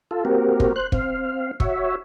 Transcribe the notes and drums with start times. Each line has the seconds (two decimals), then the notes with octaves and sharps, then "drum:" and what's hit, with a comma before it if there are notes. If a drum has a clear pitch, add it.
0.11 F4 A4
0.25 A#3 C4 F#4 G4 A#4
0.60 drum: kick
0.76 C5 F#6
0.92 C4 F5, drum: kick
1.60 F#4 C#5 E5, drum: kick